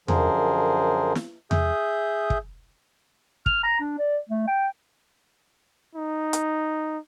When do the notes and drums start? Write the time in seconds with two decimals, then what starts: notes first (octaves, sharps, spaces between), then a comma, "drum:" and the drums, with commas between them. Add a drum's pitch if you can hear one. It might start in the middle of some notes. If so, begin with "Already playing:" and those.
0.08 F#2 D3 F3 G#4 A#4 C5, drum: tom E2
1.15 drum: snare
1.51 G#4 E5 D#6 G6, drum: tom E2
2.30 drum: kick
3.46 F6, drum: kick
3.64 A#5
3.80 D4
3.98 D5
4.29 A3
4.47 G5
5.95 D#4
6.33 drum: hi-hat